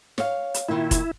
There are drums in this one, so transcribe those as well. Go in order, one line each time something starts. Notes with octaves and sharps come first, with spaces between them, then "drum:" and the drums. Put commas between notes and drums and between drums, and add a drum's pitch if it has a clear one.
C#5 F5, drum: snare
drum: hi-hat
A#2 D#3 E4
drum: kick F1, hi-hat